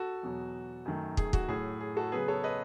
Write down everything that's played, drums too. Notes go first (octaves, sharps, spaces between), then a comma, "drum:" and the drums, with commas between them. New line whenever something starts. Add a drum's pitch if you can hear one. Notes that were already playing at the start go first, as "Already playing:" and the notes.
Already playing: F#4 A4
E2 B2 F#3
F#2 D#3 A3
G#4, drum: kick
F#4, drum: kick
A2 F#3 A3 G#4
G#4
F#4 A4
C#3 F#3 B3 G#4 B4
A4 C#5
B4 D#5